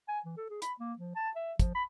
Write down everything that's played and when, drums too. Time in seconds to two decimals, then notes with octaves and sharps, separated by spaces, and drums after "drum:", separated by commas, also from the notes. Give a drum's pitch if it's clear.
0.08 G#5
0.25 E3
0.37 A4
0.50 G#4
0.62 B5, drum: hi-hat
0.79 A#3
0.99 F3
1.15 A5
1.36 E5
1.59 F3, drum: kick, hi-hat
1.75 B5